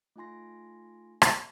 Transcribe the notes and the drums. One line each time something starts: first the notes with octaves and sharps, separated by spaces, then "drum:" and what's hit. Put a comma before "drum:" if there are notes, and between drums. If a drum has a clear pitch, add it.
A3 D#4 F4 G#5 C6 A#6
drum: rim click